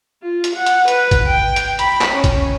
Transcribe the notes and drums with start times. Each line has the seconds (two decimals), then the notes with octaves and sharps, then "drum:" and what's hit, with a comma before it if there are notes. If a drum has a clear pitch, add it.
0.22 F4
0.44 drum: hi-hat
0.56 F#5
0.66 drum: hi-hat
0.88 B4, drum: hi-hat
1.11 drum: kick, hi-hat
1.27 G5
1.56 drum: hi-hat
1.79 B5, drum: hi-hat
2.01 drum: clap
2.12 C#4
2.24 drum: kick, hi-hat